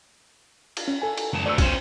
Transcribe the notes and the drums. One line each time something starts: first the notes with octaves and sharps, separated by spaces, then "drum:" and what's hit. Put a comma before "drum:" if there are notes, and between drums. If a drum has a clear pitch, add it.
drum: cymbal
C#4
A4 G#5
drum: cymbal
C#2 F#2 A5
D2 A3 D5 E6
D2 C#4 C5, drum: kick, cymbal